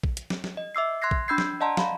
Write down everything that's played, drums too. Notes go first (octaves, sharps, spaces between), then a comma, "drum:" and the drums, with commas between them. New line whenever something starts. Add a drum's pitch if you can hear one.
drum: kick A#1
drum: hi-hat
drum: snare
drum: snare
D#5
E5 D6 E6 C7
C6 F#6 G#6 A#6 C7
drum: kick A#1
D4 B5 E6 G6 G#6 C7
drum: snare
D5 D#5 F#5 A5 A#5 C6
F5 B5, drum: snare